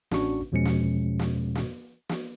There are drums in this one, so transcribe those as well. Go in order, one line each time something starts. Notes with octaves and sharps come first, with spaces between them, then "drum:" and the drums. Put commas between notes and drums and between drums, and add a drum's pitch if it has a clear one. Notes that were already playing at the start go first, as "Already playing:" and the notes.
A1 C#4 D4 F#4 C#6, drum: snare
E2 B2 F3 G#3 C#4 C#7
drum: snare
drum: snare
drum: snare
drum: snare